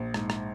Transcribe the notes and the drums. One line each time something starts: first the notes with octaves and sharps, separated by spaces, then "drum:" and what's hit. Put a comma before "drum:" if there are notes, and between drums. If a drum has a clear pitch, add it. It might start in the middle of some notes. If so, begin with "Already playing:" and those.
Already playing: A#1
G#2, drum: rim click
drum: rim click